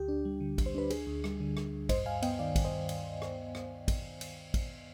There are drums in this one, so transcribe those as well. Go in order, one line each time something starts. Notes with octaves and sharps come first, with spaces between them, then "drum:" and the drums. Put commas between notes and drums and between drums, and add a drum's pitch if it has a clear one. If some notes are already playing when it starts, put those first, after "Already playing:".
Already playing: D2 G4
D4
G3
D3
D2, drum: kick, cymbal
C5
D4 B4
D2 G#4, drum: cymbal
D2
G3, drum: rim click
D3
D2, drum: rim click
D2
G2 C5 D#5, drum: kick, cymbal
G2 F5 G#5
B3 D#5 G5, drum: cymbal
D#3 D5 F5
G2, drum: kick, cymbal
C5 D#5
drum: cymbal
drum: rim click
drum: rim click
drum: kick, cymbal
drum: cymbal
drum: kick, cymbal